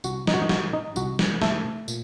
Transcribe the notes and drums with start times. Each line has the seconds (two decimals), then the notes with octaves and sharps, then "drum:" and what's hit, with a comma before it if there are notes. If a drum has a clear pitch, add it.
0.04 C2 F#4, drum: tambourine
0.27 D#4, drum: snare
0.34 F#4
0.41 D#4
0.49 G3 F#4, drum: snare
0.73 D#4
0.96 C2 F#4, drum: tambourine
1.19 drum: snare
1.42 C3 A3 A4, drum: snare
1.88 A#2, drum: tambourine